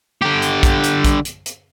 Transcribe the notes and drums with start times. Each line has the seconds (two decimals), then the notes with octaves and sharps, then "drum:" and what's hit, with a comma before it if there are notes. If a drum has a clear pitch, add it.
0.22 D3 G4
0.42 drum: hi-hat
0.63 drum: kick, hi-hat
0.84 drum: hi-hat
1.05 drum: kick, hi-hat
1.25 drum: hi-hat
1.46 drum: hi-hat